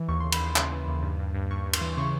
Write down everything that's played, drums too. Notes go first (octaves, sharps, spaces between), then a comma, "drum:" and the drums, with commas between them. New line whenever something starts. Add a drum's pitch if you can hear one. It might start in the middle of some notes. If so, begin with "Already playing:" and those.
Already playing: E3
D#2 C#6
C6
C#3
B5, drum: cymbal
D#2 C6
C#3, drum: clap
E3
D#2
G2
G2
G2
G2 C#6
G2
C6, drum: cymbal
E3
C#3 C#6